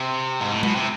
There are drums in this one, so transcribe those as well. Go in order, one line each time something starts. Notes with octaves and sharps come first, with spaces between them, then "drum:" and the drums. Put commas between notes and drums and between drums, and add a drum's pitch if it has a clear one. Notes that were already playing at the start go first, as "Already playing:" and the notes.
Already playing: C3
G#2
A2
B2, drum: tom G#3
C3